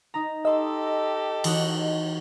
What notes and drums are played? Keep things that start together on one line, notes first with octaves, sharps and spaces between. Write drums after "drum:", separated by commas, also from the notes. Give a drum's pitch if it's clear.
D#4 A#5
G4 A4 D#5 C6 E6
E3 D#4 F#4, drum: cymbal